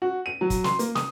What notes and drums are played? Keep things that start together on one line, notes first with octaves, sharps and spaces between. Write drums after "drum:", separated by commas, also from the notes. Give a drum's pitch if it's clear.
F#4
D#7
F#3
drum: kick, hi-hat
C6, drum: snare
A#3, drum: hi-hat
D#6, drum: snare